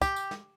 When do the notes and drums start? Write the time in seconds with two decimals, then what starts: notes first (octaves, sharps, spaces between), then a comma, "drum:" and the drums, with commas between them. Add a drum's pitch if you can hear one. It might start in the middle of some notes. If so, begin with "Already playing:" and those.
0.02 G4, drum: kick, tambourine
0.16 drum: tambourine
0.31 drum: snare